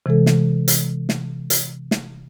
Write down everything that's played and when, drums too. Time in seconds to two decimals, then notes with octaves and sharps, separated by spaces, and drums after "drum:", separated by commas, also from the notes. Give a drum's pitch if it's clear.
0.06 C3 E3 G#3 A4
0.26 drum: snare
0.68 drum: hi-hat
1.09 drum: snare
1.50 drum: hi-hat
1.91 drum: snare